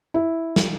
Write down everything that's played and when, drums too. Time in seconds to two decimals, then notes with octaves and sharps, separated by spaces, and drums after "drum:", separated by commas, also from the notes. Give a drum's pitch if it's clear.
0.14 E4
0.56 drum: snare